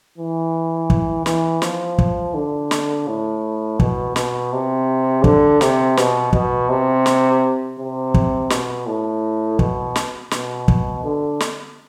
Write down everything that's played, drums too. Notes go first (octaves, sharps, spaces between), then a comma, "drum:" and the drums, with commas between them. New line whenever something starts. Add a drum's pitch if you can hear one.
E3
drum: kick
E3, drum: snare
F3, drum: snare
drum: kick
D3
drum: snare
A2
B2, drum: kick
B2, drum: snare
C3
D3, drum: kick
C3, drum: snare
B2, drum: snare
B2, drum: kick
C3
drum: snare
C3
drum: kick
B2, drum: snare
A2
B2, drum: kick
drum: snare
B2, drum: snare
drum: kick
D3
drum: snare